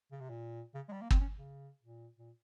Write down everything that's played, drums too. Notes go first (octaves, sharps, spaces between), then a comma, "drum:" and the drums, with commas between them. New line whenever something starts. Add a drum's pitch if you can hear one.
C#3
C3
A#2
C#3
G#3
G3
A#3
C4, drum: kick
C#4
C#3
A#2
A#2